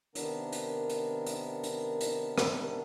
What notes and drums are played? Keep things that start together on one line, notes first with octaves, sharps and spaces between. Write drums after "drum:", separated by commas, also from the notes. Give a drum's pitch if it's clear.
C3 D#3 B3 D4 A#4, drum: hi-hat
drum: hi-hat
drum: hi-hat
drum: hi-hat
drum: hi-hat
drum: hi-hat
drum: rim click